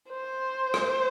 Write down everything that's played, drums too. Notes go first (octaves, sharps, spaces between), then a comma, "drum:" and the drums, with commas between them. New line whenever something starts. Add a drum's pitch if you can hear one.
C5
drum: rim click